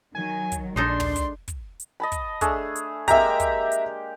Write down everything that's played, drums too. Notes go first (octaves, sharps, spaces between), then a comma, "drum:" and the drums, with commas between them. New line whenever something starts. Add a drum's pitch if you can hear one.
D#3 F#3 G#5
drum: kick, hi-hat
A#1 G#3 D4 D#4 A4 C6
drum: tom
drum: kick, hi-hat
drum: kick, hi-hat
drum: hi-hat
D#5 A5 B5
drum: kick, hi-hat
A3 D4 G#4, drum: kick, hi-hat
drum: hi-hat
G#3 A#3 G4 E5 A#5, drum: kick, hi-hat
drum: kick, hi-hat
drum: hi-hat